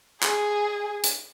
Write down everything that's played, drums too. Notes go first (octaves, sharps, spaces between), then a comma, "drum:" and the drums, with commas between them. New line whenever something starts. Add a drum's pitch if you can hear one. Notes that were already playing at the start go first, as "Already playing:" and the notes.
G#4, drum: clap
drum: hi-hat